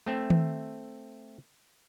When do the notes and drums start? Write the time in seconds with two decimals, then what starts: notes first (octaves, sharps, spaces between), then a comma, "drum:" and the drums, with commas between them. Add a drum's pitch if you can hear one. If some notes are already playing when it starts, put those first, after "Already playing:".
0.06 A3 C4 E5
0.30 drum: tom D#3